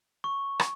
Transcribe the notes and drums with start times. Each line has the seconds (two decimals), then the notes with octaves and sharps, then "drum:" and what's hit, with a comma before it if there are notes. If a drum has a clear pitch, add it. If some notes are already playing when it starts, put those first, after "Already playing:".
0.24 C#6
0.60 drum: rim click